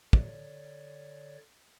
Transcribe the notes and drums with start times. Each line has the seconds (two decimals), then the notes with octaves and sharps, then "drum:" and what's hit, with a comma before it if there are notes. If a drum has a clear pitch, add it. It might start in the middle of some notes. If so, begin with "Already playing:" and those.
0.13 D3 C#5 D5, drum: kick